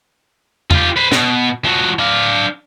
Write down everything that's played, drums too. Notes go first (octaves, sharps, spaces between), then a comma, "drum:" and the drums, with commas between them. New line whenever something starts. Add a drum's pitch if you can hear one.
F4 G4, drum: tom E2
B4 C5
B2, drum: snare
F3 F#4
D4 F5